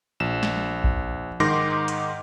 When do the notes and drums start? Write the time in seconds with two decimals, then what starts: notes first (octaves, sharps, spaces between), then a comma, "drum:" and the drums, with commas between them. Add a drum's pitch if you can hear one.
0.20 A#1 E7
0.43 drum: snare
0.84 drum: kick A1
1.40 G#2 D#3 D#4 C6 D6 A#6
1.88 drum: hi-hat